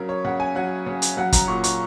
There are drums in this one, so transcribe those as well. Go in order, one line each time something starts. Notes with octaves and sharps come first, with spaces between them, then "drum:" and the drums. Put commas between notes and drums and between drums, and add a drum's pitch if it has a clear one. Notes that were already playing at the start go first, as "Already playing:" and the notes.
Already playing: C#3 F#3 A#4
C#5
C#3 F#5
G#5
F#3 F#5
C#3
drum: hi-hat
F#3 F#5
A#5, drum: kick, hi-hat
A#2 C#6
C#6, drum: hi-hat